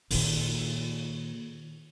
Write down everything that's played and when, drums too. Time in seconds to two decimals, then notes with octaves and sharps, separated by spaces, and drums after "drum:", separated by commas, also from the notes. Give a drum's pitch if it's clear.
0.11 A#2 D#3, drum: open hi-hat